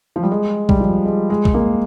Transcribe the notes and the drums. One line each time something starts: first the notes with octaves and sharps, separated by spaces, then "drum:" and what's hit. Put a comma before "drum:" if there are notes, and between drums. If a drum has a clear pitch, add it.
F3
G3
G#3
G3, drum: kick
F3
G#3
G#3
drum: kick
A#3